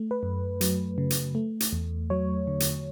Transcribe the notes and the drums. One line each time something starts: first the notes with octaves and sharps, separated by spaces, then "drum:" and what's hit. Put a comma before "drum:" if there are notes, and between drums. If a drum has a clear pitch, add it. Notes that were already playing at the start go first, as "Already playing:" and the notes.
Already playing: A3
B4
F#2
F#3, drum: hi-hat
C#3
drum: hi-hat
A3
drum: hi-hat
E2
F#3 C#5
D3
drum: hi-hat